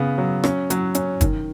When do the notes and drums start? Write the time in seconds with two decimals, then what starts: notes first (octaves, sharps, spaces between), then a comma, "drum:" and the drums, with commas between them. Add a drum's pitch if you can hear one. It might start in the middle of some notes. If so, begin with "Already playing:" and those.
Already playing: C#3 B3
0.18 F#3
0.44 C#4, drum: rim click
0.70 F#3, drum: hi-hat
0.95 C#4, drum: hi-hat
1.21 D#3, drum: kick, hi-hat